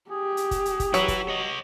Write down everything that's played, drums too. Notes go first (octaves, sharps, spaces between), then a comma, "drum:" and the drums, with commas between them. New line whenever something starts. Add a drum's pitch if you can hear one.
G4 G#4
drum: hi-hat
drum: kick, hi-hat
drum: hi-hat
drum: kick, hi-hat
F#3 E4 B4, drum: hi-hat
drum: kick, hi-hat
C#5 D#5